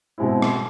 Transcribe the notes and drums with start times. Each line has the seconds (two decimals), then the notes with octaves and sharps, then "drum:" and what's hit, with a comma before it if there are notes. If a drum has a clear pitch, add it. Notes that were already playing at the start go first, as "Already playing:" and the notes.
0.18 B2 G#3 C4 E4
0.42 drum: rim click